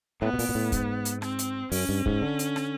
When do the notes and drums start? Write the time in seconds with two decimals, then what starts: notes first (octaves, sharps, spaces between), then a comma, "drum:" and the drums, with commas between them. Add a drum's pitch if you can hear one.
0.21 A2 B3
0.34 B2
0.39 A#2, drum: open hi-hat
0.49 A#2
0.55 A2
0.72 G#2, drum: kick, hi-hat
1.05 drum: hi-hat
1.22 C4, drum: rim click
1.39 drum: hi-hat
1.72 F#2 C#4, drum: open hi-hat
1.89 G2
2.06 G#2, drum: kick
2.22 D3
2.39 drum: hi-hat
2.56 drum: rim click